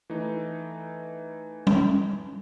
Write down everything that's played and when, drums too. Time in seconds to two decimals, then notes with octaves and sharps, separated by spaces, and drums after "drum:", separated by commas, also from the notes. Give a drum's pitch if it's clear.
0.10 E3 A3 D#4
1.67 drum: tom G3